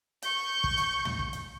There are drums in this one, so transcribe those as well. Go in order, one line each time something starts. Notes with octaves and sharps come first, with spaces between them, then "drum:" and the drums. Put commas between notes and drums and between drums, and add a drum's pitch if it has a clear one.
C#6 G6, drum: hi-hat
drum: kick
drum: hi-hat
drum: tom
drum: kick
drum: hi-hat